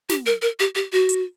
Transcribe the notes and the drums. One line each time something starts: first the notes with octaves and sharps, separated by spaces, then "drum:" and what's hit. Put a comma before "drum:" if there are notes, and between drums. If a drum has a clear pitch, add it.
G4, drum: snare
A#4
A#4
G4
G4
F#4
drum: hi-hat